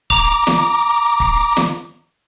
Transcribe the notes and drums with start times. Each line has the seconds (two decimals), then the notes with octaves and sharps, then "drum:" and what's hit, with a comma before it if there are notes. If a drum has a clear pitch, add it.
0.10 A#5 D6, drum: kick
0.47 drum: snare
1.20 drum: kick
1.57 drum: snare